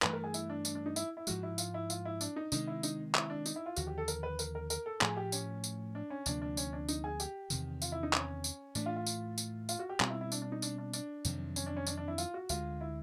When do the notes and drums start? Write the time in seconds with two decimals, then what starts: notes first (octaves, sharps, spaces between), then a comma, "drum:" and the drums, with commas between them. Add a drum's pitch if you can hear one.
0.02 G2 E3 A3 B4, drum: clap
0.13 A#4
0.24 G#4
0.34 E4, drum: tambourine
0.50 D4
0.65 D4, drum: tambourine
0.75 D4
0.86 D#4
0.96 E4, drum: tambourine
1.17 E4
1.27 G#2 F3 G#3 F#4, drum: tambourine
1.43 E4
1.58 F4, drum: tambourine
1.74 E4
1.90 F4, drum: tambourine
2.05 E4
2.21 D4, drum: tambourine
2.36 D#4
2.52 C3 D#3 G#3 D#4, drum: tambourine
2.67 E4
2.83 D#4, drum: tambourine
3.15 E4, drum: clap
3.30 D4
3.46 D#4, drum: tambourine
3.56 E4
3.66 F4
3.76 D#2 D3 F3 F#4, drum: tambourine
3.87 G4
3.98 A4
4.08 A#4, drum: tambourine
4.23 B4
4.39 A#4, drum: tambourine
4.55 A#4
4.70 A#4, drum: tambourine
4.86 A4
5.01 A2 F3 A3 G#4, drum: clap
5.17 G4
5.32 C#4, drum: tambourine
5.64 drum: tambourine
5.95 D4
6.10 C#4
6.26 D2 C3 F3 A#3 D4, drum: tambourine
6.42 D4
6.57 C#4, drum: tambourine
6.73 D4
6.89 D#4, drum: tambourine
7.04 G#4
7.20 G4, drum: tambourine
7.50 E2 C3 D#3, drum: tambourine
7.82 F4, drum: tambourine
7.92 E4
8.03 D#4
8.13 C#4, drum: clap
8.44 drum: tambourine
8.75 A2 E3 A3 D4, drum: tambourine
8.86 F4
8.96 F4
9.06 drum: tambourine
9.38 drum: tambourine
9.69 F4, drum: tambourine
9.79 F#4
9.89 G4
10.00 B2 G3 C4 F4, drum: clap
10.10 E4
10.21 E4
10.32 D4, drum: tambourine
10.42 D4
10.52 D#4
10.62 D4, drum: tambourine
10.78 D4
10.93 D4, drum: tambourine
11.25 F2 C3 D#3 F#3, drum: tambourine
11.56 C#4, drum: tambourine
11.66 D4
11.77 C#4
11.87 D4, drum: tambourine
11.97 D4
12.08 E4
12.18 F4, drum: tambourine
12.34 F#4
12.49 D2 D3 F3 G#3 F4, drum: tambourine
12.81 E4